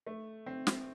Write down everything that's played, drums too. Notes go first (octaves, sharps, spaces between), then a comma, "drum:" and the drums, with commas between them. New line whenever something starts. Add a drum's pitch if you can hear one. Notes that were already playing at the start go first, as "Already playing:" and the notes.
A3
C4
drum: snare